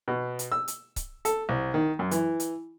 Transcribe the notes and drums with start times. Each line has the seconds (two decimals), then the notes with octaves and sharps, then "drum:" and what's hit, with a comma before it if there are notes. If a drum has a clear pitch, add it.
0.08 B2
0.39 drum: hi-hat
0.52 E6
0.68 drum: hi-hat
0.96 drum: kick C#1, hi-hat
1.25 A4, drum: hi-hat
1.49 C2
1.74 D#3
1.99 F#2
2.11 E3, drum: hi-hat
2.40 drum: hi-hat